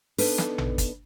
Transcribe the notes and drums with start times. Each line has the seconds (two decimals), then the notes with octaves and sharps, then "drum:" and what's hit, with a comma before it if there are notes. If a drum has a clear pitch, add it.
0.18 B3 D4 D#4 A4 B4, drum: open hi-hat
0.38 drum: snare
0.58 drum: tom A1
0.78 drum: kick, hi-hat